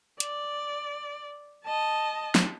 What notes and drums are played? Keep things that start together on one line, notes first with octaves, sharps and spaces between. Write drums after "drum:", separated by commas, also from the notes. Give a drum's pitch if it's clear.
D5, drum: hi-hat
D#5 A5
drum: snare